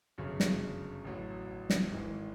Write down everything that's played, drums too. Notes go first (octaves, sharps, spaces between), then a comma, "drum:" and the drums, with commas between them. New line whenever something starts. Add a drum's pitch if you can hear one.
G1 F#2 C#3
drum: snare
A1 A2 F#3
drum: snare
G#1 G#2 E3